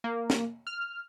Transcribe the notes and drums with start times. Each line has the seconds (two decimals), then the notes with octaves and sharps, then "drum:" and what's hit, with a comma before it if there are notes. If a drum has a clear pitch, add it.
0.04 A#3
0.30 drum: snare
0.67 F6